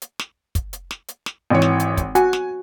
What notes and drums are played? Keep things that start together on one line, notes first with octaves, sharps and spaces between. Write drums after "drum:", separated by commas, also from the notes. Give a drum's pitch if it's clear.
drum: hi-hat
drum: snare
drum: kick, hi-hat
drum: hi-hat
drum: snare
drum: hi-hat
drum: snare
G#1 E3 C#5
drum: snare
drum: hi-hat
drum: kick, hi-hat
F#4 G#5, drum: hi-hat
drum: snare